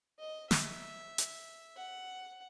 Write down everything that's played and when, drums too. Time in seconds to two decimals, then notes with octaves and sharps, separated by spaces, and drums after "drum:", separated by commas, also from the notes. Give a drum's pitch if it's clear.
0.19 D#5
0.51 E5, drum: snare
1.18 drum: hi-hat
1.77 F#5